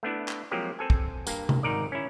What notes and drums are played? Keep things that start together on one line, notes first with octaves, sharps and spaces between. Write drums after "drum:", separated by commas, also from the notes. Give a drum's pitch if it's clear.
A3 B3 D4 E4
drum: clap
F3 F#3 G#3 A#3 C4 G4
C4 A4 G#5
drum: kick
G2 A#3, drum: tambourine
drum: tom C3
G#1 G#2 D#4 A#4 D5
C#4 E4